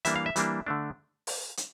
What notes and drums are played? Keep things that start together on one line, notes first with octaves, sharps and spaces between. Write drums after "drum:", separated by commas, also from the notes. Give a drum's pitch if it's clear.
E3 G3 A#3 D4 E5, drum: hi-hat
F5
E5
E3 G3 A#3 D4, drum: hi-hat
D3 A3 D4
drum: open hi-hat
drum: hi-hat